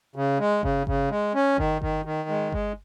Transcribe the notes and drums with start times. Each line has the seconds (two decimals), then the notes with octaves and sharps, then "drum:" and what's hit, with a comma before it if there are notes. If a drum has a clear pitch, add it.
0.16 C#3
0.39 G#3
0.63 C#3, drum: kick G1
0.87 C#3, drum: kick G1
1.10 G#3
1.35 C#4
1.58 D#3, drum: kick G1
1.82 D#3, drum: kick G1
2.05 D#3
2.29 G#3
2.52 G#3, drum: kick G1